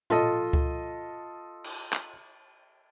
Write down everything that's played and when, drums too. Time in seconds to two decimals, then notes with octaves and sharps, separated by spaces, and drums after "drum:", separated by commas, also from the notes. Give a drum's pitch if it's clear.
0.10 F4 A4 D#5, drum: tom
0.53 drum: kick C#2
1.64 drum: cymbal
1.93 drum: clap